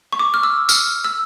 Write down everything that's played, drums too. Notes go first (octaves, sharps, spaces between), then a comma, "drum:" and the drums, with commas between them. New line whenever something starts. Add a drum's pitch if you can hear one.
C#6
D6
F6
E6
F6, drum: tambourine
E6